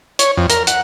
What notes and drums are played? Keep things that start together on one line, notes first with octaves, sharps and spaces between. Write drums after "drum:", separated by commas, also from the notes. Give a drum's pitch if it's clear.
C#5, drum: hi-hat
F2
A#4, drum: hi-hat
F#5, drum: hi-hat